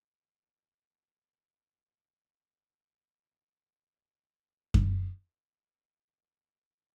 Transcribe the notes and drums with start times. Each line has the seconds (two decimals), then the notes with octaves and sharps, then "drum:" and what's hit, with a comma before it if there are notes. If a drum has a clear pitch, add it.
0.19 A#3 E4
0.57 C#2 D#3 D5 B6
0.92 F#5
1.65 F#2 A3 G6
1.89 E2 A2 D#3 F3 B3
3.23 C#3 E6 E7
4.74 drum: kick F#2
5.88 C#3 E3 E5
6.09 A4 A#4
6.28 C4 D#4 A4 C#5 F5 A#5
6.51 D4